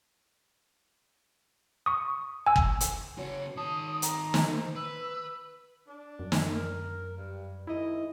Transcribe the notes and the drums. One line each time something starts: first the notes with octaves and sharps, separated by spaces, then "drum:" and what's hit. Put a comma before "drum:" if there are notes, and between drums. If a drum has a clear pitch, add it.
C#6 D#6
G#5 E6
drum: kick
drum: hi-hat
C#3 F#4 C#5
D#3 A5 D#6
A#5, drum: hi-hat
drum: snare
C5
B4 E6
D4
F#2
drum: snare
A#4
G2
G#2 D#3 E4 D#5